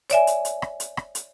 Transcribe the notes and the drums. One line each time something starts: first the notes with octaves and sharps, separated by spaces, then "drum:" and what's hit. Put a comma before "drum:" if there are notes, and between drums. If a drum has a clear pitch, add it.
C#5 D5 E5 G#5, drum: hi-hat
drum: hi-hat
drum: hi-hat
drum: rim click
drum: hi-hat
drum: rim click
drum: hi-hat